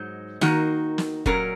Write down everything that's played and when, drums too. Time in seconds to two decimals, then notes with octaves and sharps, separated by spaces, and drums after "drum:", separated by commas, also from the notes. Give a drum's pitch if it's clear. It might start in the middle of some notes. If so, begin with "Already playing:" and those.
Already playing: G#2 F#3 D#4
0.41 D#3 A#3 D#4 F#4, drum: snare
0.98 drum: snare
1.26 A#2 F#3 C#4 A#4, drum: kick F1